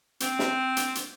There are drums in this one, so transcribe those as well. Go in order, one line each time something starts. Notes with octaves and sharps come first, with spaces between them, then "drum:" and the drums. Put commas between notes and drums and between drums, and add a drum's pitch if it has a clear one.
C4, drum: hi-hat
drum: snare
drum: hi-hat
drum: hi-hat